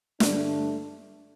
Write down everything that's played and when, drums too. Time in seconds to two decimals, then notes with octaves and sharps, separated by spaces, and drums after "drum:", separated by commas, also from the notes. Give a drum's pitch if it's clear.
0.20 G2 D3 A3 D4, drum: snare